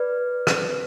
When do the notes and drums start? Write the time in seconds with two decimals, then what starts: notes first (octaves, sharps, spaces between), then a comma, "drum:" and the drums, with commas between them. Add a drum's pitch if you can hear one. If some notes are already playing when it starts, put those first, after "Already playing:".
Already playing: B4 D5
0.47 drum: rim click